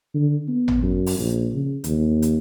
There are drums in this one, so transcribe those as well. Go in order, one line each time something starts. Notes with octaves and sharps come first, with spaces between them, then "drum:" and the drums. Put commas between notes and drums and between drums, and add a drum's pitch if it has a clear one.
D3
B3
drum: tom G#1
F#2
drum: open hi-hat
A#1
C#3
D#2, drum: hi-hat
drum: hi-hat